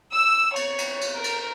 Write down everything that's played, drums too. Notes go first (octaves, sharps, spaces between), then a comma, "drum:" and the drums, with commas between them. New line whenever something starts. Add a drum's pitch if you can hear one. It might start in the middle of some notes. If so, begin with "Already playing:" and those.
E6
C#5, drum: cymbal
drum: cymbal
drum: cymbal
A#4
drum: cymbal